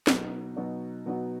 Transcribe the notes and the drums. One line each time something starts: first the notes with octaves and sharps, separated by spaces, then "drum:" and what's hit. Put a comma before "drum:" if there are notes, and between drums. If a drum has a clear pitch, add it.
B2 F#3 B3 D#4 F#4, drum: snare
B2 F#3 B3 D#4 F#4
B2 F#3 B3 D#4 F#4